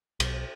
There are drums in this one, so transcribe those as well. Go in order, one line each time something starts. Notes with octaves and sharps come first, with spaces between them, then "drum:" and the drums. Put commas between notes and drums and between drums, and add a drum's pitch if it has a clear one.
B1, drum: cymbal